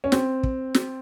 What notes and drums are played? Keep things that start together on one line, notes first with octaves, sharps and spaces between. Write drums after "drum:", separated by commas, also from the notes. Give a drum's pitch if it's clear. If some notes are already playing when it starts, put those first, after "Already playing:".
C#4
C4, drum: snare
drum: kick
drum: snare